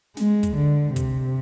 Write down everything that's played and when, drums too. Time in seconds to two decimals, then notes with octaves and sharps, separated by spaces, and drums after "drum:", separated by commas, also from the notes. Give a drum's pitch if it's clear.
0.17 G#3, drum: snare
0.43 drum: kick, hi-hat
0.56 D3
0.96 C3, drum: kick, hi-hat